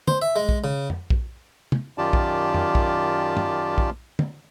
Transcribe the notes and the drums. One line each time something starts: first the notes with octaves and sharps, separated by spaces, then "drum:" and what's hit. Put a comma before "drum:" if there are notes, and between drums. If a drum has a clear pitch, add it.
C5, drum: tom
E5
G#3
drum: kick A#1
C#3
drum: tom
drum: kick A#1
drum: tom
F#2 D#3 F4 G4 D5 A5
drum: kick A#1
drum: tom
drum: kick A#1
drum: tom
drum: kick A#1
drum: tom